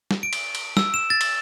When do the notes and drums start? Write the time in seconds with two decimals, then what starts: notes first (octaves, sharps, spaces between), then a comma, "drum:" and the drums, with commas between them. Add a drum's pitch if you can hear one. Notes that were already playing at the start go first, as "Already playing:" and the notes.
0.11 drum: snare
0.23 D7
0.33 drum: cymbal
0.55 drum: cymbal
0.77 E6, drum: snare
0.94 E7
1.10 A6
1.21 drum: cymbal